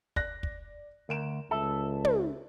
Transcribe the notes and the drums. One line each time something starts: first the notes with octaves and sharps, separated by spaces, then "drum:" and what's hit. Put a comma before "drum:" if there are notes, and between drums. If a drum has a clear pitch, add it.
D5 F#6 A#6, drum: kick
drum: kick
D2 A#4 D7 E7
C#2 A4 E5
drum: tom